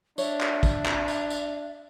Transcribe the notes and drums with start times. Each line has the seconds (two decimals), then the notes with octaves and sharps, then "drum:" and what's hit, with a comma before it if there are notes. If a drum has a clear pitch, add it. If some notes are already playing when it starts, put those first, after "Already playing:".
0.18 D4 C#5 E5, drum: tambourine
0.40 drum: clap
0.63 drum: kick, tambourine
0.85 drum: clap
1.08 drum: tambourine
1.30 drum: tambourine